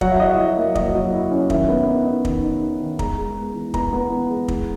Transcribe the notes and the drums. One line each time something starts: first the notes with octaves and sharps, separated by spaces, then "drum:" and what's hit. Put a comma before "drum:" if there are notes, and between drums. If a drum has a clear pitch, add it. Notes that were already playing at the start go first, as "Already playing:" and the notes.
F#3 F#5, drum: kick
E5
E4 D#5
E5
F#3
A#3
F#3 D#5, drum: kick
F#3
E4
C#4
D#3 E5, drum: kick
B3
D#4
D#4
D#3, drum: kick
D#4
D#4
D#3
G#3 A#5, drum: kick
G#3
B3
E3
B3 A#5, drum: kick
B3
E3
G#3
E3, drum: kick